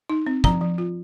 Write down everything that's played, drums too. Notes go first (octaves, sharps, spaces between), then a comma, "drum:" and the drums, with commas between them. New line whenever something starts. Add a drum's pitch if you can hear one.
D#4
C4
F3 A#5, drum: kick
F3
F4